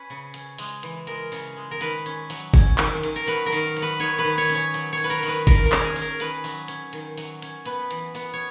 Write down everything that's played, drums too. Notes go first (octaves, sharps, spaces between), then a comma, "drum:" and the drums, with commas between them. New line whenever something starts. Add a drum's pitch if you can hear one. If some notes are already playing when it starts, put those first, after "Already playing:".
Already playing: C#4 B4
C#3
C#4, drum: hi-hat
G#3, drum: open hi-hat
E3, drum: hi-hat
G#3 A#4, drum: hi-hat
C#3, drum: open hi-hat
G#3
A#4
D#3 B4, drum: hi-hat
C#4, drum: hi-hat
F#3, drum: open hi-hat
C#4, drum: kick G1, hi-hat
D#3, drum: clap
D#3, drum: hi-hat
A#4
F#3 B4, drum: hi-hat
A#4
D#3, drum: open hi-hat
F#3, drum: hi-hat
B4
D#3 C#5, drum: hi-hat
B4
D#3
C#5
C#4, drum: hi-hat
C#5
F#3, drum: hi-hat
C#5
D#3, drum: hi-hat
B4
A#4
D#3 B4, drum: open hi-hat
D#3 A#4, drum: kick G1, hi-hat
A#4
C#4, drum: clap
G#4
C#4, drum: hi-hat
A#4
D#3 B4, drum: hi-hat
F#3, drum: open hi-hat
C#4, drum: hi-hat
D#3, drum: hi-hat
F#3, drum: open hi-hat
C#4, drum: hi-hat
B3 B4, drum: hi-hat
E3, drum: hi-hat
B3, drum: open hi-hat
C#5